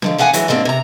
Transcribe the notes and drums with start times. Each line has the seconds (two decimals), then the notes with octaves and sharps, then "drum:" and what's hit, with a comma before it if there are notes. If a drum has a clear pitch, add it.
0.02 D3 D#3 F3, drum: tom
0.18 A#3 B3 F5 F#5 G#5
0.33 E3 F#3 G#3, drum: hi-hat
0.48 G#2 G3 A#3 C4 D4
0.65 C3 A#5